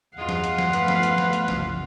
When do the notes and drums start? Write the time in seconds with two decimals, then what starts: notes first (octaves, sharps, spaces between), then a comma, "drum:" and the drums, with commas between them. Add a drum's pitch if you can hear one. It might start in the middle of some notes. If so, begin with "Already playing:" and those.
0.18 E2 G2 G#3 F4 F5 F#5
0.29 drum: snare
0.44 drum: hi-hat
0.58 drum: snare
0.73 F3 A3 B3 B4, drum: hi-hat
0.88 drum: snare
1.03 drum: hi-hat
1.18 drum: snare
1.33 drum: hi-hat
1.48 F#1 C2 E3, drum: snare